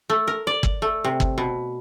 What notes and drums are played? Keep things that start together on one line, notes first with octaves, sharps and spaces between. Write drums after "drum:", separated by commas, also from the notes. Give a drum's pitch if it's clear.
A3
A#4
D5
drum: kick
A3
C3
drum: kick
B2